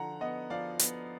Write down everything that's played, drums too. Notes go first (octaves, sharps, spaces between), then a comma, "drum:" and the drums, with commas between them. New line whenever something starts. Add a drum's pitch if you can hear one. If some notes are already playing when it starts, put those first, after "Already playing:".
Already playing: D3 F3 F#5 A#5
B3 D#5 F#5
F3 D5 F5
B3, drum: hi-hat